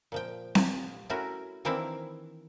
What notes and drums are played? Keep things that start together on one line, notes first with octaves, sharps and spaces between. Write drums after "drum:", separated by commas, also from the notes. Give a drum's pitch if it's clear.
A#2 F3 G5
drum: snare C4
A3 C#4 E4 F#4 A#4
D#3 E3 A#3 C4 D4 E4